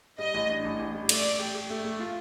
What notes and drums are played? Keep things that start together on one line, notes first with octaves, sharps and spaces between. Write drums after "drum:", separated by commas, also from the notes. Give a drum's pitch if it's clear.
G3 D#5
A1
D4
A1
A1
G3
A3 D5, drum: cymbal
A3
G4
G4
A3
A3
F4